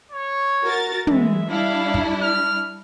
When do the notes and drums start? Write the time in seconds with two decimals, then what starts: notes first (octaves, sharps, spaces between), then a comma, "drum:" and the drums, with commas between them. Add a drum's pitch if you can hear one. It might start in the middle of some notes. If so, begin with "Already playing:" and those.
0.12 C#5
0.64 F#4 A#4 A6
1.07 E3 G#3 E5, drum: tom
1.50 G3 D4 E4 F5
1.94 drum: kick
2.22 F6